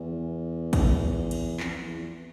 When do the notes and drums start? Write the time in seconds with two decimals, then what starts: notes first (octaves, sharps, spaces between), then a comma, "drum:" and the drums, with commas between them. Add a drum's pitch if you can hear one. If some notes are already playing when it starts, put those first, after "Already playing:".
Already playing: E2
0.73 drum: kick, cymbal
1.31 drum: cymbal
1.60 F2, drum: clap
1.71 F2
1.82 E2